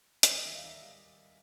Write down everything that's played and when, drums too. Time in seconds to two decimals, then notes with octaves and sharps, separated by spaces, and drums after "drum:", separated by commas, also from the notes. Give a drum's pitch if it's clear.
0.23 C#5, drum: hi-hat
0.27 G3 D5
0.36 D#5
0.45 D#3 E5
0.55 F5
0.64 D#3 E5
0.82 G3 F5